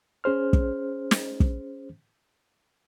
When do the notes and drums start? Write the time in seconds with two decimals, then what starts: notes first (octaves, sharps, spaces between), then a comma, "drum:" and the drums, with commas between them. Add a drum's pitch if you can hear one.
0.24 C#4 G#4 C5 F6
0.53 drum: kick
1.11 drum: snare
1.40 drum: kick